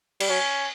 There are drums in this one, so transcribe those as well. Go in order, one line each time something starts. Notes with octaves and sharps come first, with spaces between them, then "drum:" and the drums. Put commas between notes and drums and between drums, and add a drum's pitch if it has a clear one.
G3, drum: cymbal
F#3 C#4